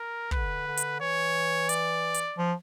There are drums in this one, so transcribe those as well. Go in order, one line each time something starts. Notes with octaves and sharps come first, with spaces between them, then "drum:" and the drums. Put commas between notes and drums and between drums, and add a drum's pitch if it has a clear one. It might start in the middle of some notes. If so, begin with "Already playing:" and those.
Already playing: A#4
D3 B4, drum: kick
D3
drum: hi-hat
E3 C#5
D5, drum: hi-hat
drum: hi-hat
F3